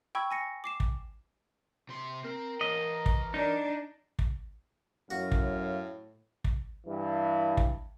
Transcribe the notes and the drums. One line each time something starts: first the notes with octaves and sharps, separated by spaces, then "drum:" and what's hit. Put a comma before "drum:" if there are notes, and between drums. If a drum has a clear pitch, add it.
G5 B5 C#6 E6 G#6
G#5 A#6 C#7
D6 C7 E7
drum: kick
C3 C6
C4 A#4
E3 C#5 D#5
drum: kick
D4 D#4
drum: kick
F#2 A2 F#4 F5
drum: kick
drum: kick
G2 E3
drum: kick